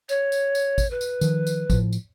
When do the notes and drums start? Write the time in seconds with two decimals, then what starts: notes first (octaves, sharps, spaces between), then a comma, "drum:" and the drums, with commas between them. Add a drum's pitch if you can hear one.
0.09 C#5, drum: tambourine
0.32 drum: tambourine
0.55 drum: tambourine
0.78 drum: kick, tambourine
0.91 B4
1.01 drum: tambourine
1.21 D#3 F3, drum: tambourine
1.47 drum: tambourine
1.70 A2 F3, drum: kick, tambourine
1.93 drum: tambourine